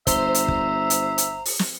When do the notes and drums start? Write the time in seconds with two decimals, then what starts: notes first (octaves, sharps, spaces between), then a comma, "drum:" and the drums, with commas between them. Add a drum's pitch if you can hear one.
0.07 G1 C5 E5 A#5, drum: kick, hi-hat
0.35 drum: hi-hat
0.48 drum: kick
0.90 drum: hi-hat
1.18 drum: hi-hat
1.45 drum: open hi-hat
1.59 drum: snare